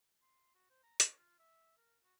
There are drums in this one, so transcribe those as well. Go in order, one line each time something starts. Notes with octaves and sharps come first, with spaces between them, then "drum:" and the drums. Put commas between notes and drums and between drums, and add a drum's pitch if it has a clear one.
C6
F#4
C5
A#5
C#5, drum: hi-hat
F4
E5
A#4
F#4